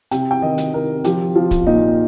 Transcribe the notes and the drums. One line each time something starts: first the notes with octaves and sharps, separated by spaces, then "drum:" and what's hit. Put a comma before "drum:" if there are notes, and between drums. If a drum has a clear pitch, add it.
C3 G5, drum: hi-hat
G5
D#3 D#5
drum: hi-hat
C3 A#4
F3 G4, drum: hi-hat
F3 F4
drum: kick, hi-hat
A#2 D#4